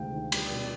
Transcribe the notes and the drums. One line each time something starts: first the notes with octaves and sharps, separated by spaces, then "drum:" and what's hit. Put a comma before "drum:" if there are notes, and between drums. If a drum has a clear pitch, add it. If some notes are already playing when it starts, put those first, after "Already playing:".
Already playing: D2 C3 G#3 F5 G5
D#3
G3, drum: cymbal
B2